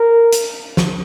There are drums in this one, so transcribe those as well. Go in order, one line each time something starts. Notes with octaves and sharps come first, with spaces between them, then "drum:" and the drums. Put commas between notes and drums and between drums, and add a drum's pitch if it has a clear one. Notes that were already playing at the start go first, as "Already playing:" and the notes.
Already playing: A#4
drum: hi-hat
drum: snare